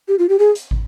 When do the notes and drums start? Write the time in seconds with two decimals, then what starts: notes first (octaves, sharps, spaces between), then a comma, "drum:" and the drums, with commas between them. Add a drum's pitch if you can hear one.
0.08 G4
0.19 F4
0.29 G4
0.39 G#4
0.55 drum: hi-hat
0.71 drum: kick